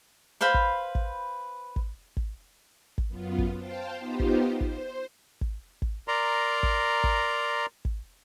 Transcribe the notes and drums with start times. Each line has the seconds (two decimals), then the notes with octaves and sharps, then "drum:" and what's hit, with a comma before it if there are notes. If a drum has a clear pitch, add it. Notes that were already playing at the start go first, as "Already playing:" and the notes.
0.41 B4 C5 F5 B5
0.54 drum: kick
0.95 drum: kick
1.76 drum: kick
2.17 drum: kick
2.98 drum: kick
3.08 F#2 B3 F4
3.38 drum: kick
3.57 C5 F5 G5 A5
3.99 B3 D#4 F4 G4 C5
4.20 drum: kick
4.61 C5, drum: kick
5.41 drum: kick
5.82 drum: kick
6.08 A#4 D5 A#5 C6
6.63 drum: kick
7.04 drum: kick
7.85 drum: kick